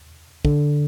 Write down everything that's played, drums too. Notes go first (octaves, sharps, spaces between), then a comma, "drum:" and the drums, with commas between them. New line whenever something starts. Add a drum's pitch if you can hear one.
D3, drum: kick